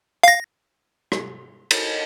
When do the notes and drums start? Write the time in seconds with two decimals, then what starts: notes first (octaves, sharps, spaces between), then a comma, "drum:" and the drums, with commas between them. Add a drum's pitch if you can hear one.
0.23 F5 A#6
1.12 drum: rim click
1.71 drum: cymbal